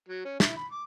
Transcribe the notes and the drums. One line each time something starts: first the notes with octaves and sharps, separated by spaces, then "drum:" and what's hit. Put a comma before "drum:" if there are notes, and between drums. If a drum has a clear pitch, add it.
F#3
C#4
E4, drum: snare
B5
D6